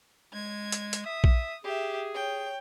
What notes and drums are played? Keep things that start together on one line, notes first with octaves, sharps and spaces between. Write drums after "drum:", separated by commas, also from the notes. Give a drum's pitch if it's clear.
G#3 G#6
drum: hi-hat
drum: hi-hat
E5 D#6
drum: kick A#1
G4 G#4 E5
C#5 G5